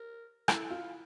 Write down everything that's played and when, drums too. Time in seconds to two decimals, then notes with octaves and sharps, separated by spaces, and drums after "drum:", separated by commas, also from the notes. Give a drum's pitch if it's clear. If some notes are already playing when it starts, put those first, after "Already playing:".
Already playing: A#4
0.48 E4 A4, drum: rim click
0.71 F4
0.82 E4